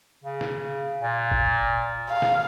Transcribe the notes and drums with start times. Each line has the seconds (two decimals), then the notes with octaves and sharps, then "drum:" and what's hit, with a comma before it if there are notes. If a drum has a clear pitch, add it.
0.24 C#3
0.41 drum: snare
1.01 A#2
1.32 drum: kick G1
2.09 F5
2.22 drum: snare